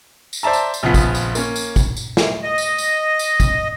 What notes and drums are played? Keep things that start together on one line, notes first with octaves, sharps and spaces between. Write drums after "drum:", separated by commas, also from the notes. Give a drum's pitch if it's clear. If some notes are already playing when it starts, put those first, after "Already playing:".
drum: tambourine
C5 D5 E5 A5 A#5
drum: tambourine
drum: tambourine
A#1 C#3 F3 B3 B6
drum: kick, tambourine
drum: tambourine
A#3 C#4, drum: tambourine
drum: tambourine
drum: kick, tambourine
drum: tambourine
drum: snare
D#5
drum: tambourine
drum: tambourine
drum: tambourine
drum: kick, tambourine